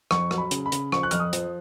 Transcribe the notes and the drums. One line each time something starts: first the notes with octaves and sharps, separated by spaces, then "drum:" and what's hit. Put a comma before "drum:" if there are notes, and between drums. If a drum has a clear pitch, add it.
F2 C#6, drum: rim click
F#3, drum: rim click
B5
C#3, drum: hi-hat
B5
C#3, drum: hi-hat
F3 C#6, drum: rim click
F#6
F2 F6, drum: hi-hat
D#6
F3, drum: hi-hat